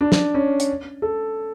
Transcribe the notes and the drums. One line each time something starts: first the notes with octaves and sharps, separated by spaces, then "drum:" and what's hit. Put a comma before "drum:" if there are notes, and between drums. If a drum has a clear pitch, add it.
D4
drum: snare
C#4
drum: hi-hat
A4